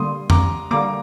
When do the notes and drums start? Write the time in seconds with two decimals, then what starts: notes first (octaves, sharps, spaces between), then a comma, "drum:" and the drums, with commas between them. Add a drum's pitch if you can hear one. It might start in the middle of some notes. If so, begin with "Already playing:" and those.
Already playing: D3 G3 A#3 C6 D#6
0.30 A#5 D6, drum: tom F2
0.71 D3 G3 A#3 A#5 D6